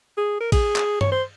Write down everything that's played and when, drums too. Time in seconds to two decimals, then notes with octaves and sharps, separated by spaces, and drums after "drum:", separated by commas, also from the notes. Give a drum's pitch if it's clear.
0.17 G#4
0.40 A#4
0.52 G#4, drum: kick A1, cymbal
0.76 drum: clap
1.01 C#5, drum: tom G2
1.12 C5